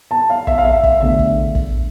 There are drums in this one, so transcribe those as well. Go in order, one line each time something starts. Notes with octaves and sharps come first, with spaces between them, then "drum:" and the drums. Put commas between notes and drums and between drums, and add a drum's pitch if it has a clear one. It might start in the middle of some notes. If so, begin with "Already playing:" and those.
A5
F5
E5, drum: kick
F5
E5
E5, drum: kick
E2 D3 A3 E5
drum: kick
drum: kick